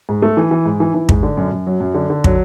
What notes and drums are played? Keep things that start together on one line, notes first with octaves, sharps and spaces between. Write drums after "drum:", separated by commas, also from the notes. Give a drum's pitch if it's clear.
G#2
A3
E3
E3
G#2
E3
E3
G#2, drum: kick
D3
F#2
F#2
F#3
F#2
D3
D3
F#3, drum: kick